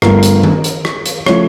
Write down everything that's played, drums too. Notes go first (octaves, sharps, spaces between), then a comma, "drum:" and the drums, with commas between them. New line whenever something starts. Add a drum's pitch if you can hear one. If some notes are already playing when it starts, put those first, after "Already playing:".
G1 G2 D3 A3 A#4, drum: rim click
drum: hi-hat
drum: tom D#3
drum: hi-hat
drum: rim click
drum: hi-hat
C#3 F3 A3 C#5, drum: rim click